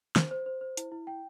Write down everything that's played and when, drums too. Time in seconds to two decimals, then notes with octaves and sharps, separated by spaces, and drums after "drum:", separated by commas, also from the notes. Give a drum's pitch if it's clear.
0.16 C5, drum: snare
0.31 C5
0.46 C5
0.61 C5
0.77 E4, drum: hi-hat
0.92 E4
1.07 G5